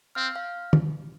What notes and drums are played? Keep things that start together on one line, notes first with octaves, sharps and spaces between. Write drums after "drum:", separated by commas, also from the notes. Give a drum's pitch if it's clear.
C4 F5 F6
F5 F6
drum: tom